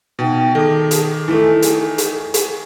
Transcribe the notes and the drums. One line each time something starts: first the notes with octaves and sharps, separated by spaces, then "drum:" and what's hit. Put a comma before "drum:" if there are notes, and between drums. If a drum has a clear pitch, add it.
B2 D#4 E5 G5
D#3 G#4 A4 A5 D6
drum: hi-hat
E3 A3 G#5
drum: hi-hat
drum: hi-hat
drum: hi-hat